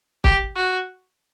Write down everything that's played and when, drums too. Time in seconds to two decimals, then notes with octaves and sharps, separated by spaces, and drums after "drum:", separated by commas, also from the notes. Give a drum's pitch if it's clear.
0.24 G4, drum: kick
0.56 F#4